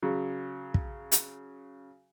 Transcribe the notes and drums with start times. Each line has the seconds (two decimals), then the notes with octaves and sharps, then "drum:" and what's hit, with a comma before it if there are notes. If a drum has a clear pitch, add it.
0.02 C#3 F#3
0.74 drum: kick
1.12 drum: hi-hat